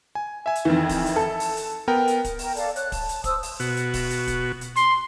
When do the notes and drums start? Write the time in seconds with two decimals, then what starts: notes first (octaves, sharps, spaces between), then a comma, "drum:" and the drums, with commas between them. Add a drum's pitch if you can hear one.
0.15 G#5
0.46 E5 G#5
0.55 drum: hi-hat
0.65 F2 D#3 E3
0.89 drum: kick, open hi-hat
1.06 drum: hi-hat
1.16 A4
1.40 drum: open hi-hat
1.57 drum: hi-hat
1.88 B3 A#4 G5
2.08 drum: hi-hat
2.25 drum: kick, hi-hat
2.39 A#4 G5, drum: open hi-hat
2.56 A4 D5 F5, drum: hi-hat
2.76 C#5 F#6, drum: hi-hat
2.92 A5, drum: kick, open hi-hat
3.09 drum: hi-hat
3.24 C5 D#6 E6, drum: kick, hi-hat
3.43 drum: open hi-hat
3.60 B2 F#4, drum: hi-hat
3.77 drum: hi-hat
3.94 drum: kick, open hi-hat
4.10 drum: hi-hat
4.27 drum: kick, hi-hat
4.61 drum: hi-hat
4.76 C6, drum: hi-hat